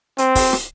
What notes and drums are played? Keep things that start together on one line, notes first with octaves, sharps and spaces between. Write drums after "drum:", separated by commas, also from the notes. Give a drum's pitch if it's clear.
C4, drum: hi-hat
drum: kick, open hi-hat
drum: rim click